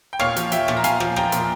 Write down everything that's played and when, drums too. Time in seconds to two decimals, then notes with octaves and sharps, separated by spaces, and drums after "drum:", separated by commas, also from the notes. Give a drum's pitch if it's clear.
0.13 G5
0.19 A#2 C#5 F5, drum: rim click
0.36 F3, drum: hi-hat
0.52 F3 E5 G5, drum: hi-hat
0.68 A#2, drum: rim click
0.77 A#5
0.84 A#2 F5 G#5, drum: hi-hat
1.00 F3, drum: rim click
1.16 F3 G5 A#5, drum: rim click
1.32 A#2, drum: hi-hat